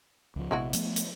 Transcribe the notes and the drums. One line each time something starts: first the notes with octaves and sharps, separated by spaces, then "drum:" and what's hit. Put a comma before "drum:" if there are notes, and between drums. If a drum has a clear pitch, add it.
C#2 F3
A#1 C3 G#3 B3 E4 F#4
F3 A3 B3, drum: hi-hat
drum: hi-hat